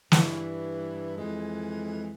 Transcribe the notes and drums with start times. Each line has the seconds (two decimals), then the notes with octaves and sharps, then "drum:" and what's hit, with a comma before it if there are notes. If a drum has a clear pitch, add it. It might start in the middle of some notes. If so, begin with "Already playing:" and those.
0.12 G2 E3, drum: snare
1.17 F2 E3 G#3